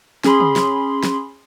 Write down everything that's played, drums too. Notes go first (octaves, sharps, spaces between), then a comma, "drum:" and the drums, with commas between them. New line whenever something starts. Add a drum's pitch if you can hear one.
C#4 G#4 B5 C6, drum: snare
drum: tom
drum: snare
drum: snare